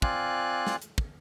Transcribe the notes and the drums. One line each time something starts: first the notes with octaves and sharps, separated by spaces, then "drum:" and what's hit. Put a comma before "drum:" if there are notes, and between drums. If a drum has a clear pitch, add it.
C4 F4 D5 F5 G#5 F#6, drum: kick
drum: snare
drum: hi-hat
drum: kick